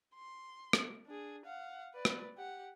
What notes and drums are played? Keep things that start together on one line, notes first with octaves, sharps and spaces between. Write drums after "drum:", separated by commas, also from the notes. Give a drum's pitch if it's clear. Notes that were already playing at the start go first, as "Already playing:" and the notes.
C6
drum: rim click
D4 G#4
F5 F#5
B4 D5
drum: rim click
G4 F#5